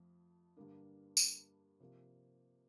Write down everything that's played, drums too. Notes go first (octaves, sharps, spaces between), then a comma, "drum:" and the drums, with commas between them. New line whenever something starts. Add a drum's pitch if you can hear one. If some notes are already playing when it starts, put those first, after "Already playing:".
Already playing: F2 F3 A3
G2 D3 G3 A#3 D4
drum: tambourine
C3 F3 A#3